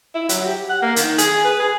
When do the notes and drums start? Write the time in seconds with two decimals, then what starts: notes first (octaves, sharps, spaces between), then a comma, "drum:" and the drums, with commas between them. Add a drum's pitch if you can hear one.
0.15 E4
0.29 F#3, drum: hi-hat
0.45 G4
0.70 F#5
0.82 A#3
0.96 D#3, drum: hi-hat
1.18 G#4, drum: hi-hat
1.44 B4
1.60 G#4